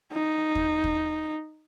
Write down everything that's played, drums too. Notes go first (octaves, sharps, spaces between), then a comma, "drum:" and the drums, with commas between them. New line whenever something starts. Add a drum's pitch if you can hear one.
D#4
drum: kick
drum: kick